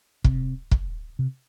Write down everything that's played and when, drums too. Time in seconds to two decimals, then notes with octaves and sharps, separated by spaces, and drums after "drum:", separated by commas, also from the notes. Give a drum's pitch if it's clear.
0.24 C3, drum: kick
0.71 drum: kick
1.19 C3